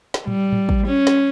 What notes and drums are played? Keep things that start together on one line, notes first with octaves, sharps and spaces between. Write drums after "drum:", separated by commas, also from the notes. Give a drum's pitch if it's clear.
drum: snare
G3, drum: tom A2
drum: tom A2
drum: kick
C#4
drum: snare